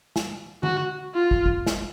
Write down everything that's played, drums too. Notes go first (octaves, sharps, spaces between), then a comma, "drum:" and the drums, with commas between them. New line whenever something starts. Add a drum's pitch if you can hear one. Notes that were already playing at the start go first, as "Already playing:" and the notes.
drum: snare
F#4, drum: tom D3
F4
drum: kick
drum: kick
drum: snare